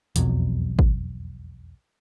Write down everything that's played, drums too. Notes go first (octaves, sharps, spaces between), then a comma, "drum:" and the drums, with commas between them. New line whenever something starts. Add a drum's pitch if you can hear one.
E1 B1 F2 F#3, drum: hi-hat
drum: kick G#1